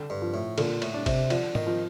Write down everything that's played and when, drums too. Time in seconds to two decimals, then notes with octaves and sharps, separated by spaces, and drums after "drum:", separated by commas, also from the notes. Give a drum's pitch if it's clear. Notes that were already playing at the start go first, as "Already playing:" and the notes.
Already playing: D3
0.10 G2
0.22 F3
0.34 A2
0.58 A#2 D3, drum: cymbal
0.82 A2, drum: cymbal
0.94 D4
1.06 C3, drum: kick, cymbal
1.30 D3 F3, drum: cymbal
1.55 D#3, drum: tom G#2
1.67 F3